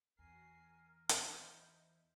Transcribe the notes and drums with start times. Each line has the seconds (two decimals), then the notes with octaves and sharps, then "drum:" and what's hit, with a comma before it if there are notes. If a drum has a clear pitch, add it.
0.19 E2 F#4 A#4 G#5 C7
1.09 E4 C5 D#5, drum: hi-hat